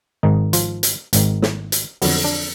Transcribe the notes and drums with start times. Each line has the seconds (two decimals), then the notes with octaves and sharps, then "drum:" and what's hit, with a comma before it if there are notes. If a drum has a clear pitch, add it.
0.23 G#1 G#2 D#3 D#4
0.53 F3 F4, drum: hi-hat
0.83 drum: hi-hat
1.13 G#1 G#2 D#3, drum: hi-hat
1.42 drum: snare
1.72 drum: hi-hat
2.02 F2 D3 F#3 B3, drum: open hi-hat
2.24 D4